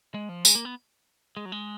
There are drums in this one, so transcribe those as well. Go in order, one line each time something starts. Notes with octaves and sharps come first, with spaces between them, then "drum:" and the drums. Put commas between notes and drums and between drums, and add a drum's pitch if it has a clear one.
G#3
F3
G#3, drum: tambourine
A#3
B3
G#3
F#3
G#3